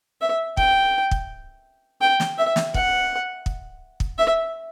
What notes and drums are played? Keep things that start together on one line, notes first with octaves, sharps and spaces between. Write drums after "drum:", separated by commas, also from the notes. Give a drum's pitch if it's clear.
E5
G5, drum: kick
drum: kick
G5
drum: snare
E5
drum: snare
F#5, drum: kick
drum: kick
drum: kick
E5